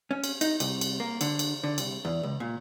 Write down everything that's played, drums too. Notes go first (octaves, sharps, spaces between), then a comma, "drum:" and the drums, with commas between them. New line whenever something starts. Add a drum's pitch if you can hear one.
C#4
drum: cymbal
D#4, drum: cymbal
C2, drum: cymbal
drum: cymbal
A#3
D3, drum: cymbal
drum: cymbal
D3
C2, drum: cymbal
E2
C#2
A#2